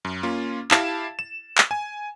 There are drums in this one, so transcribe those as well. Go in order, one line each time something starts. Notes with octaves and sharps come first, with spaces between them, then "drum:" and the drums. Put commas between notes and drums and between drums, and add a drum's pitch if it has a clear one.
F#2
A#3 C#4 F4
E4 G4 F5 A5 A6 E7, drum: clap
E7
drum: clap
G#5